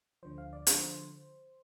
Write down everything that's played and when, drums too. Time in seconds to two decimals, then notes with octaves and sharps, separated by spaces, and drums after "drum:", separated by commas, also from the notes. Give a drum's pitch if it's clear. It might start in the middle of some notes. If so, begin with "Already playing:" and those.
0.23 D2 D3 F3 C5
0.38 F5
0.53 D5
0.67 D3 F3 C5, drum: hi-hat